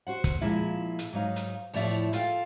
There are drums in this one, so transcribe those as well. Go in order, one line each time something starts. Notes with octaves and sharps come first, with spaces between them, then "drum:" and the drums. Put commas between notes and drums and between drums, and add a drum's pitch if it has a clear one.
F#4 C5 F#5
drum: kick, hi-hat
A#2 F3 G#3 E4
drum: hi-hat
G#2 F#3 D#4 F5
drum: hi-hat
E2 A2 F3 D5 E5, drum: open hi-hat
F4 A4 F5 G5, drum: hi-hat